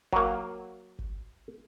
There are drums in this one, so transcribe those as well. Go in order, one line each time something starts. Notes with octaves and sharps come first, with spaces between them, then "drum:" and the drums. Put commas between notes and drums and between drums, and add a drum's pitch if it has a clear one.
F#3 A#3, drum: kick
drum: kick